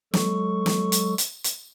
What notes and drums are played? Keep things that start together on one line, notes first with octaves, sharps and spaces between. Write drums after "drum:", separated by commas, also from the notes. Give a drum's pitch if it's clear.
F#3 G#3 A4 C#6, drum: snare
drum: snare
drum: hi-hat
drum: hi-hat
drum: hi-hat